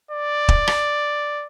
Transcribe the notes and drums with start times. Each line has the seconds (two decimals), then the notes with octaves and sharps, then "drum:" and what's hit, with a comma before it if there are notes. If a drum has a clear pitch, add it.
0.11 D5
0.49 drum: kick
0.68 drum: rim click